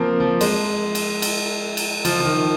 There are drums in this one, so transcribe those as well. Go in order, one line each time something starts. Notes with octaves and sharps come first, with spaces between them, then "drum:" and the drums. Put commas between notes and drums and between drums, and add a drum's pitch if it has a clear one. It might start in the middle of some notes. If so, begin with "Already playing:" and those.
Already playing: F3 A#3 C4
F3
G#3, drum: cymbal
drum: cymbal
drum: cymbal
drum: cymbal
F3, drum: cymbal
F3
D#3